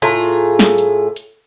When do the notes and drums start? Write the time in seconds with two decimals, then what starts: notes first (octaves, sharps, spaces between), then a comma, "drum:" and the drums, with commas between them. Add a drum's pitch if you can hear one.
0.02 A2 F4 G#4 A#5, drum: hi-hat
0.59 drum: snare
0.78 drum: hi-hat
1.16 drum: hi-hat